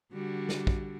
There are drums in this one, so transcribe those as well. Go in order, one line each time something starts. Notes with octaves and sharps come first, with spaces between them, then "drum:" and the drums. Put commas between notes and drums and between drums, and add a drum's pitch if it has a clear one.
D3 G3 F#4
drum: snare
drum: kick